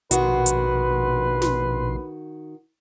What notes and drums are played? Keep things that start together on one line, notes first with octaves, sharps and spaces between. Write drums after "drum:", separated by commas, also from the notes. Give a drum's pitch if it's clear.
A#1 B2 D#3 F#4 B4 C6, drum: hi-hat
drum: hi-hat
drum: snare